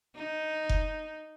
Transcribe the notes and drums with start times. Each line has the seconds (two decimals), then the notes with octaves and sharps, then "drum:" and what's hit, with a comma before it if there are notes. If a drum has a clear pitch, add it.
0.16 D#4
0.69 drum: kick F1